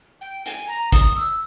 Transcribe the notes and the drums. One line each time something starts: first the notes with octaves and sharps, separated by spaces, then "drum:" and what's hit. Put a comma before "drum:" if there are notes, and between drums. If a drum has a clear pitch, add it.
G5
G#5, drum: hi-hat
A#5
D#6, drum: kick, hi-hat
E6